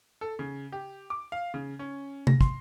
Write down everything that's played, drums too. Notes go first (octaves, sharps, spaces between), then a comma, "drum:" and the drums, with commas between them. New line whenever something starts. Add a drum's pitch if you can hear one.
A4
C#3
G4
D6
F5
C#3
C#4
A#6, drum: tom C3
C6, drum: kick